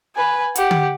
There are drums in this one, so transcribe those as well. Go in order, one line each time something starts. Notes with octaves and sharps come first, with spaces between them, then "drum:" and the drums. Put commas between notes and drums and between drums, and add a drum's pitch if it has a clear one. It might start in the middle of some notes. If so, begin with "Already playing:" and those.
B4 G#5
G4 F#5, drum: hi-hat
drum: tom D3